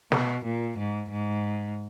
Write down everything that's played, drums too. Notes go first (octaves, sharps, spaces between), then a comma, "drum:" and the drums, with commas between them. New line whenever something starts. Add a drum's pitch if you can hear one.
B2, drum: snare
A#2
G#2
G#2